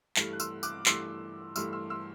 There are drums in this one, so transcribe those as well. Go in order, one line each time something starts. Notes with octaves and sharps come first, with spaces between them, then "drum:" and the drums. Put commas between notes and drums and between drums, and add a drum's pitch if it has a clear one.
G2 E3 A3, drum: clap
F#6
C6 E6, drum: tambourine
D6 F#6, drum: tambourine
G2 E3 A3 C6 E6, drum: clap
G2 E3 A3 C6 E6, drum: tambourine
C6 E6
C6 E6